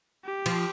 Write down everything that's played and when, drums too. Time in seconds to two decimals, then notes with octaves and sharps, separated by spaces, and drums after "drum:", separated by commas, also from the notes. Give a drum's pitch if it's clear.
0.25 G4
0.46 F3, drum: cymbal